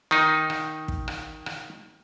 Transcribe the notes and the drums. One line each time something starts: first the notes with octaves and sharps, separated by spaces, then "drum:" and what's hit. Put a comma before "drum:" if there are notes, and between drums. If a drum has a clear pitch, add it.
D#3 D#4
drum: rim click
drum: kick
drum: rim click
drum: rim click